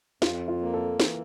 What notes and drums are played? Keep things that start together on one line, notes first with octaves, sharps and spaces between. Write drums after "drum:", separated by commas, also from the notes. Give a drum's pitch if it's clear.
F2 F4, drum: snare
F4
A#3
A4
E3, drum: snare